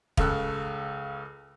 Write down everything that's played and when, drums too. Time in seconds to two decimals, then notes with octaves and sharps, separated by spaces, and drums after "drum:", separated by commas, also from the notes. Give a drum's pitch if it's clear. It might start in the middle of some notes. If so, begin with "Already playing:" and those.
0.17 C#2 C#3 A4 E6 F#6, drum: kick E1